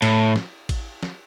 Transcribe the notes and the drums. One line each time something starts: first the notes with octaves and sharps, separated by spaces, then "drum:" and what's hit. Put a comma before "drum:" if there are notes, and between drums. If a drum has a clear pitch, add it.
A2, drum: cymbal
drum: snare
drum: kick, cymbal
drum: snare